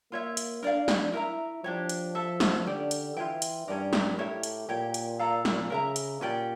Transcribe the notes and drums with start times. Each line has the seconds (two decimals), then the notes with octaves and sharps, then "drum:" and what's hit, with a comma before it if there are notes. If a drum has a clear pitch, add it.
0.12 A#3 F4 C#5 E5
0.37 drum: hi-hat
0.63 D4 A#4 D5 F5
0.88 drum: snare
1.13 E4 A#4 E5 A#5
1.63 F3 D4 G4 C#5
1.89 drum: hi-hat
2.15 A4 E5 A5
2.40 drum: snare
2.65 D3 C#4 G4 D5
2.91 drum: hi-hat
3.16 E3 F4 C#5 E5 G5
3.42 drum: hi-hat
3.68 G2 C#4 G4 A#4 D5
3.93 drum: snare
4.18 A2 G4 A#4 C#5 E5
4.43 drum: hi-hat
4.68 A#2 G4 C#5 G5
4.94 drum: hi-hat
5.19 A4 D5 F5 A#5
5.45 drum: snare
5.70 C#3 A#4 E5 A#5
5.96 drum: hi-hat
6.21 A#2 C#4 G4 D5 G5